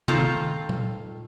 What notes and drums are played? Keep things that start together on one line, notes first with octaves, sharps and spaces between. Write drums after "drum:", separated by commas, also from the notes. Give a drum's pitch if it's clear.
D#3 C4 F4 A4, drum: tom C3
drum: tom A#2